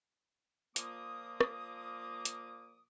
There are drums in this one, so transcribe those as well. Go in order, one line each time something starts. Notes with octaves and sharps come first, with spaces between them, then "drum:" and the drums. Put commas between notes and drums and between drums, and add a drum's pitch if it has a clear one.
A#2 F3 A#3 D6 D#6, drum: hi-hat
drum: rim click
drum: hi-hat